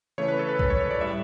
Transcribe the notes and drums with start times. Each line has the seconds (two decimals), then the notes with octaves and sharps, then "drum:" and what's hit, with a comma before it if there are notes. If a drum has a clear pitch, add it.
0.18 C#3 E3 A3 C#5
0.28 B4
0.39 A4
0.49 B4
0.59 B4, drum: kick A#1
0.70 C#5
0.80 C#5
0.91 D5
1.01 A2 G3 E5